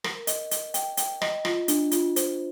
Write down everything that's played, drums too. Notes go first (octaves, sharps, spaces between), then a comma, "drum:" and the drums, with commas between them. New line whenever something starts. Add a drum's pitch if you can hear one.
A#4, drum: rim click
D#5, drum: hi-hat
D#5, drum: hi-hat
G5, drum: hi-hat
G5, drum: hi-hat
D#5, drum: rim click
F4, drum: rim click
D4, drum: hi-hat
F4, drum: hi-hat
C5, drum: hi-hat